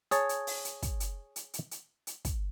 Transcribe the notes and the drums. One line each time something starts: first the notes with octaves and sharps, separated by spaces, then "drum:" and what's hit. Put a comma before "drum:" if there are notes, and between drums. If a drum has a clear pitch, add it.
G#4 C#5 A5, drum: hi-hat
drum: hi-hat
drum: open hi-hat
drum: hi-hat
drum: kick, hi-hat
drum: hi-hat
drum: hi-hat
drum: hi-hat
drum: hi-hat
drum: hi-hat
drum: kick, hi-hat